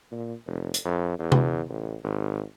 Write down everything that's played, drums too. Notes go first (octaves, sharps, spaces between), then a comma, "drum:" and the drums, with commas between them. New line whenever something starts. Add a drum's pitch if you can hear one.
A#2
F1
drum: hi-hat
F2
E2
drum: tom C3
A1
G#1